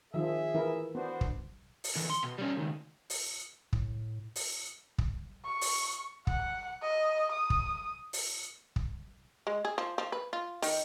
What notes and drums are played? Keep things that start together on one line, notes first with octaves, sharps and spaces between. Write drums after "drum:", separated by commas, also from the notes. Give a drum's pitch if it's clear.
D#3 F3 G#4 E5
E3 E4 A#4
B3 D4 F#4 C5
drum: kick
drum: open hi-hat
D3 E3
C6
B2
G3 C#4
C#2 D#3
drum: open hi-hat
A2, drum: kick
drum: open hi-hat
drum: kick
C#6
drum: open hi-hat
F#5, drum: kick
D#5
D#6
drum: kick
drum: open hi-hat
drum: kick
G#3
G#4
F3
F3
B4
F4
D#3, drum: open hi-hat